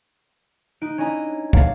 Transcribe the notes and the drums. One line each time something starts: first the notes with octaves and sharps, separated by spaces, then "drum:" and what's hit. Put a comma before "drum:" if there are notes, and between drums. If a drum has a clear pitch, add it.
D#4 F#6 D7
C#4 D4 E4 D#5 G#5 A#5
C#5 F5 F#5 A5 A#5 D6, drum: kick